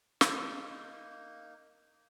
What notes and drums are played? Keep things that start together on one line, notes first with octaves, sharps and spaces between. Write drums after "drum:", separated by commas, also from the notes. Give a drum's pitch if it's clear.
A#3 D#4, drum: snare